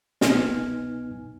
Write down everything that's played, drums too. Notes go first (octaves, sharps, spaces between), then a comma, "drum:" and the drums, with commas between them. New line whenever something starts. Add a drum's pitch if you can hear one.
C2 B2 B3 D#4 G#5 F6, drum: snare